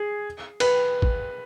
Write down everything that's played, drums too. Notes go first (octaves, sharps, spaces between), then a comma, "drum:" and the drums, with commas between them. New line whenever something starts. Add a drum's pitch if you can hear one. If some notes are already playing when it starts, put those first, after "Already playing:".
Already playing: G#4
B4, drum: cymbal
drum: kick A1